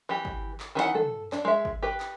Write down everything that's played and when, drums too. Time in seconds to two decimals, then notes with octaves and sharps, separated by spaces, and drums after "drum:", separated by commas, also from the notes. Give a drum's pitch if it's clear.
0.09 E3 G4
0.25 drum: kick G#1
0.60 drum: clap
0.75 D#3 E3 F#4 F#5
0.95 A4, drum: tom
1.32 D4, drum: clap
1.45 G#3 E5
1.65 drum: kick G#1
1.83 G4 B4
2.00 drum: clap